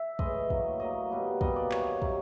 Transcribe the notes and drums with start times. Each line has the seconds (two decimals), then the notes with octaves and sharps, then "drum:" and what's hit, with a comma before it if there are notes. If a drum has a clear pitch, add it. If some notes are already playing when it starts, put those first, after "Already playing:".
Already playing: E5
0.19 A2 E3 G#3 D#5, drum: kick
0.50 A2 F#3 A#3, drum: kick
0.80 A2 F#3 A#3 D#5
1.10 B2 G3 A#3
1.41 B2 G3 A#3 D#5, drum: kick
1.56 D5
1.72 C3 D#3 F#3 C#5, drum: clap
2.02 C3 D#3 F#3, drum: kick